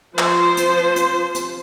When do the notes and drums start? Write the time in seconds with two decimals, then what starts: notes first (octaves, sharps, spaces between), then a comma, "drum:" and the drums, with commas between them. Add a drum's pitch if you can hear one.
0.18 F3 C5, drum: clap
0.57 drum: hi-hat
0.96 drum: hi-hat
1.35 drum: hi-hat